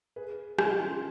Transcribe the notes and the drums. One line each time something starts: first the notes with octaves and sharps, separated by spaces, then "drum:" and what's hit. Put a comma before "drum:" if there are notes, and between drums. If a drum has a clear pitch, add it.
G#4 B4
D#4 F#4, drum: rim click
C#4 F4